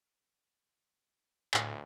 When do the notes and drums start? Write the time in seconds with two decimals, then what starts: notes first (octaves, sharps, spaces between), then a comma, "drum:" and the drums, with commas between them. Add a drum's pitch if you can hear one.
1.54 D2 A2 G#5, drum: clap